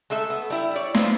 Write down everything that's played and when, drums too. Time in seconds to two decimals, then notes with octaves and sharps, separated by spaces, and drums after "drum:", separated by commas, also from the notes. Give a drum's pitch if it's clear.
0.10 G#3 A3 A4 E5
0.30 B3
0.50 G3 E4 E5
0.76 C#5 D5
0.95 B3 C4 F4 B4 C5, drum: snare